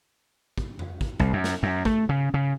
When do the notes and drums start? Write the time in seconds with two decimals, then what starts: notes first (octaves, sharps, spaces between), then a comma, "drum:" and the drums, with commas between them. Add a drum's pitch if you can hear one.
0.58 drum: kick
0.79 drum: tom F2
1.01 drum: kick
1.20 C2, drum: kick
1.33 F#2
1.44 drum: snare
1.63 F#2
1.85 A3, drum: kick
2.09 C#3
2.34 C#3